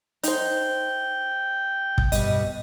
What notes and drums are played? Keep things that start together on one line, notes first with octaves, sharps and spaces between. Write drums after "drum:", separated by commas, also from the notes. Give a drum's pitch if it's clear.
D#4 C5 G5, drum: hi-hat
drum: kick
G2 B2 D#5, drum: hi-hat